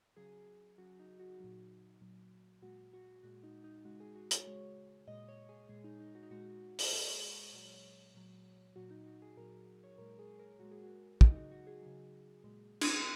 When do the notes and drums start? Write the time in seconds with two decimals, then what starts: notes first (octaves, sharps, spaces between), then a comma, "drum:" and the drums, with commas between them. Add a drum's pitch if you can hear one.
0.17 C#3 F#3 G#4
0.78 C#3 F#3 F#4
0.99 D#4
1.20 F#4
1.40 A#2 F#3
2.01 A#2 F#3
2.62 A#2 G#3 F#4
2.93 F#4
3.23 A#2 G#3 F#4
3.44 D#4
3.64 D#4
3.85 C#3 G#3 F#4
4.00 G#4
4.16 F#4
4.31 C#5, drum: hi-hat
4.46 C#3 G#3 C#5
5.08 A#2 G#3 D#5
5.28 C#5
5.49 G#4
5.69 A#2 G#3 G#4
5.84 D#4
6.00 D#4
6.15 F#4
6.23 D#4
6.31 A#2 G#3 F#4
6.79 drum: open hi-hat
6.91 A#2 G#3 G#4
7.07 C#5
7.22 C#5
7.38 C#5
7.53 A#2 F#3
8.15 A#2 F#3
8.76 A#2 F#3 F#4
8.91 D#4
9.06 F#4
9.22 G#4
9.37 A#2 F#3 A#4
9.84 C#5
9.98 A#2 G#3 A#4
10.19 G#4
10.39 A#4
10.59 A#2 G#3 F#4
10.71 G#4
10.83 F#4
11.21 C#3 F#3 D#5, drum: kick
11.32 D#4
11.37 F#4
11.51 F#4
11.67 G#4
11.82 C#3 F#3
12.44 A#2 G#3
12.81 drum: cymbal